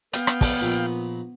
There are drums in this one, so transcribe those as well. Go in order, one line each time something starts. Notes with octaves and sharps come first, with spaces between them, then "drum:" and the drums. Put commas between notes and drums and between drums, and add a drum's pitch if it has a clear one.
B3 F5 G5, drum: hi-hat
drum: rim click
drum: kick, open hi-hat
A#1 A#2 B5